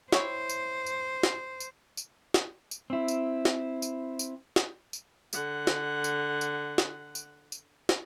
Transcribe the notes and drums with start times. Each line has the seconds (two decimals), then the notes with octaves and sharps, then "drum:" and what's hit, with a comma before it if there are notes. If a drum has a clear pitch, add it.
0.12 E4 C5 C#5 G5, drum: snare
0.49 drum: tambourine
0.86 drum: tambourine
1.23 drum: snare
1.60 drum: tambourine
1.97 drum: tambourine
2.34 drum: snare
2.71 drum: tambourine
2.90 C4 E4
3.08 drum: tambourine
3.45 drum: snare
3.82 drum: tambourine
4.19 drum: tambourine
4.56 drum: snare
4.93 drum: tambourine
5.33 D3 F#5, drum: tambourine
5.67 drum: snare
6.04 drum: tambourine
6.41 drum: tambourine
6.78 drum: snare
7.15 drum: tambourine
7.52 drum: tambourine
7.89 drum: snare